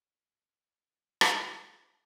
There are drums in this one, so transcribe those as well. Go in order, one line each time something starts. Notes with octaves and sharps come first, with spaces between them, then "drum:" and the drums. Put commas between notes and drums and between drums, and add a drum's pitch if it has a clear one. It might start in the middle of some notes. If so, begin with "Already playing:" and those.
C#5 E5 G#5
drum: rim click